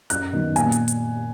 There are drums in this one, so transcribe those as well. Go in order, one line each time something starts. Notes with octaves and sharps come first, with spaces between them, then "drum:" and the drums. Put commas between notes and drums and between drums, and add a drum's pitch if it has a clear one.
F#2 F#6, drum: hi-hat
D#3 F#3 B3
A#2 G#5, drum: hi-hat
drum: hi-hat
drum: hi-hat